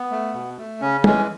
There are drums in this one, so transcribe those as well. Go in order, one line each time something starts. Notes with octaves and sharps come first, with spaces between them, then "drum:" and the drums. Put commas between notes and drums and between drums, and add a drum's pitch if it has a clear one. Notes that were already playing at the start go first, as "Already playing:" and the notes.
Already playing: B3
A3
B2
A3
C#3 C#4
E3 G#3 C#4, drum: tom